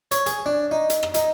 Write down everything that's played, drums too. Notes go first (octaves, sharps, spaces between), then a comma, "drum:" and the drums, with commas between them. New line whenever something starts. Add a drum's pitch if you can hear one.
C#5, drum: hi-hat
G#4, drum: hi-hat
D4
D#4
drum: hi-hat
drum: rim click
D#4, drum: hi-hat